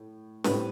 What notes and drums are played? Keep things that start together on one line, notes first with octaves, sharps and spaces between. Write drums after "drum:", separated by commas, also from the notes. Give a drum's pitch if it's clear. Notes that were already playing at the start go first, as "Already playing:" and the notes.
Already playing: A2
A2 G3 C4 B4, drum: snare